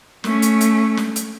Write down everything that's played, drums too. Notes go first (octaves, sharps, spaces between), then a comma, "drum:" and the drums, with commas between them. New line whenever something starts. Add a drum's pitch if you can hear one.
A3 C#4, drum: snare
drum: hi-hat
drum: hi-hat
drum: snare
drum: hi-hat